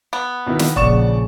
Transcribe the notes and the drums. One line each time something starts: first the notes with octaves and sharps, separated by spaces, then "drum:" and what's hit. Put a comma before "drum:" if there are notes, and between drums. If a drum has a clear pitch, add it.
B3
B2 D#3 E4
drum: snare
A#1 C#3 D5 C#6 E7, drum: kick